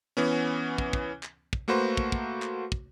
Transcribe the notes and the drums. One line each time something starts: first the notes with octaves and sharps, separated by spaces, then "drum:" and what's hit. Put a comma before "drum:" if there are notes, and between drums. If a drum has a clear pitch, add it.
E3 B3 C#4
drum: kick
drum: kick
drum: clap
drum: kick
A3 A#3 F#4 B4 C5
drum: kick
drum: kick
drum: clap
drum: kick